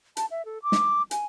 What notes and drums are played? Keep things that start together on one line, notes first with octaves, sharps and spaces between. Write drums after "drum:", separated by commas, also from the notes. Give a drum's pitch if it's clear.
A5, drum: hi-hat
E5
A4
D6
drum: snare
G#5, drum: hi-hat